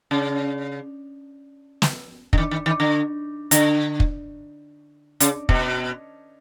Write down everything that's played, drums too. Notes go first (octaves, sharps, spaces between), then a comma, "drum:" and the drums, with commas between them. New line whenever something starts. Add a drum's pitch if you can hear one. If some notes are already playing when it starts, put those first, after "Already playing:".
C#3
drum: snare
D3, drum: kick
D#3
D#3
D#3
D3
D3, drum: hi-hat
drum: kick
C#3, drum: hi-hat
B2, drum: kick